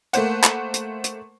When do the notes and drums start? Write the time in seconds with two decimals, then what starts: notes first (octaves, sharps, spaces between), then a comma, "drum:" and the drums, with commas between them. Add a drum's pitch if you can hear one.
0.13 A3 A#3 C5 F#5, drum: hi-hat
0.44 drum: clap
0.74 drum: hi-hat
1.04 drum: hi-hat